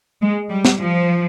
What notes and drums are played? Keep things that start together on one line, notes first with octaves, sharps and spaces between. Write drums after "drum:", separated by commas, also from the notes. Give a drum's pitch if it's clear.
G#3
G3
drum: snare
F3